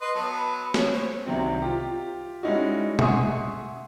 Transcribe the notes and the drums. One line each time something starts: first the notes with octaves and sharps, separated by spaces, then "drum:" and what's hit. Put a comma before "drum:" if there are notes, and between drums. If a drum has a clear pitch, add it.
B4 D#5 C6
F#3 B3 A5
B5
C#5, drum: snare
C5 C#5
C2 C3 D#3 F#3 C4
F4 G4
G3 G#3 C#4 D#4 E4 F#4
E5 F#5 G#5 C6 C#6 D#6, drum: tom